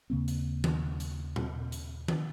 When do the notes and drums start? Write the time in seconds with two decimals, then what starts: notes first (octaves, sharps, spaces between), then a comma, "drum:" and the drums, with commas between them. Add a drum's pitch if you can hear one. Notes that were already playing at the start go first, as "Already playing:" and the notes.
0.10 D#2 C#3 A#3 C4
0.28 drum: hi-hat
0.64 drum: tom D#3
1.00 drum: hi-hat
1.36 drum: tom
1.72 drum: hi-hat
2.08 drum: tom D#3